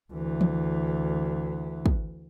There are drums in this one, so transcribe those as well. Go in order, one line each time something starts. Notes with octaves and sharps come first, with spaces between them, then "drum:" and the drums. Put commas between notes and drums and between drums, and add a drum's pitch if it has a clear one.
D2 E3
drum: tom E3
drum: kick